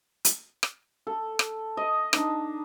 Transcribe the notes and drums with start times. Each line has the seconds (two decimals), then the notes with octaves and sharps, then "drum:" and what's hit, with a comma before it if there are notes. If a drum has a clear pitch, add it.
0.25 drum: hi-hat
0.63 drum: rim click
1.07 A4
1.39 drum: rim click
1.77 D#5
2.13 D4 D#4, drum: rim click